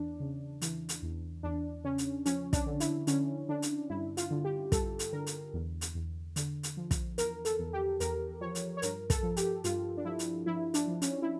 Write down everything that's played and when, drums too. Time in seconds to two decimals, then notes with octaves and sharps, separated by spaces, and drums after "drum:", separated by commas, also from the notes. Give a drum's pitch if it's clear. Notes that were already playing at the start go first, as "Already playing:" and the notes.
Already playing: E2 D4
0.20 C#3
0.62 E3, drum: hi-hat
0.89 drum: hi-hat
1.03 E2
1.43 E2 D4
1.84 C#3 C#4
1.98 drum: hi-hat
2.26 F3 C#4, drum: hi-hat
2.53 D4, drum: kick, hi-hat
2.66 D3
2.80 E4, drum: hi-hat
3.07 D3 C#4, drum: hi-hat
3.49 D3 D4
3.62 drum: hi-hat
3.90 G2 E4
4.17 F4, drum: hi-hat
4.31 D3
4.44 G4
4.72 G2 A4, drum: kick, hi-hat
4.99 drum: hi-hat
5.13 D3 A#4
5.27 drum: hi-hat
5.54 E2
5.81 drum: hi-hat
5.95 E2
6.36 D3, drum: hi-hat
6.63 drum: hi-hat
6.77 F3
6.91 drum: kick, hi-hat
7.18 E2 A#4, drum: hi-hat
7.45 A4, drum: hi-hat
7.59 E2
7.73 G4
8.00 E2 A#4, drum: hi-hat
8.41 F3 C#5
8.55 drum: hi-hat
8.77 C#5
8.82 G2 A#4, drum: hi-hat
9.10 A4, drum: kick, hi-hat
9.23 F3
9.37 G4, drum: hi-hat
9.64 G2 F4, drum: hi-hat
9.97 D4
10.05 F3 E4
10.19 drum: hi-hat
10.46 F3 E4
10.74 D4, drum: hi-hat
10.88 F3
11.02 C#4, drum: hi-hat
11.22 E4